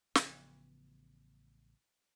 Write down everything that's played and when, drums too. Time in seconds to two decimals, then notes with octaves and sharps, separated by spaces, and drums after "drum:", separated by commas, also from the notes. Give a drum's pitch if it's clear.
0.15 A1 C#3 F3 B3, drum: snare